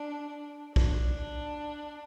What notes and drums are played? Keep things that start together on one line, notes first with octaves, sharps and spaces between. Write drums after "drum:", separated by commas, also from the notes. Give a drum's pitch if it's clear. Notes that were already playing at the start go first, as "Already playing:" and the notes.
Already playing: D4
D4, drum: kick